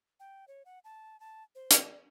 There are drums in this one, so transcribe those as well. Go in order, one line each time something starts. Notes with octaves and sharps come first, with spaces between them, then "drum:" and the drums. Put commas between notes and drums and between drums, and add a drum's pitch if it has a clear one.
G5
C#5
F#5
A5
A5
C5
drum: hi-hat
D5